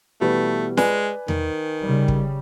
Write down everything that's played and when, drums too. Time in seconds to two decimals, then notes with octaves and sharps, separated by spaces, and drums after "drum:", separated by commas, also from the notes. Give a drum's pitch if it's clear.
0.21 B2 E3 G3 A3
0.77 G#3 B4 D5 G#5, drum: snare
1.28 D#3, drum: tom E2
1.83 C#3 G3
2.08 drum: kick